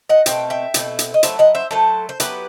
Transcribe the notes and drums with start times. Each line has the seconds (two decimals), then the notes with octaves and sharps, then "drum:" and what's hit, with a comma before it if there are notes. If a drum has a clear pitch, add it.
0.09 D#5 F#5
0.26 B2 A3 C4 G5, drum: hi-hat
0.50 E5 G5
0.74 B2 A3 C4 E4, drum: hi-hat
0.99 drum: hi-hat
1.14 D#5
1.23 F#3 A3 E4 C5 E5, drum: hi-hat
1.39 D#5 F#5
1.55 C5 E5
1.71 F#3 A3 E4 A4 C5
2.09 C5
2.20 F#3 B3 E4 G4 B4, drum: hi-hat